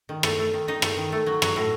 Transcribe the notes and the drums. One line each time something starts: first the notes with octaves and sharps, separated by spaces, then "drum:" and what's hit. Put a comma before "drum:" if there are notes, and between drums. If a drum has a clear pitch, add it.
D#3
A3, drum: rim click
A3
D#3
D#3 D#4
A3, drum: rim click
D#3
A3
F#3
F#3, drum: rim click
A2